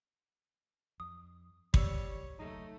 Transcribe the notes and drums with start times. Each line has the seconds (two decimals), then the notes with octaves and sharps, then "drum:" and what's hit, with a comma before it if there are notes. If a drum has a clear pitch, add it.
1.00 F2 D#6
1.74 C2 G#2 G3 C#5 E6 C#7, drum: kick
2.39 F1 D2 F#3 A3 D#4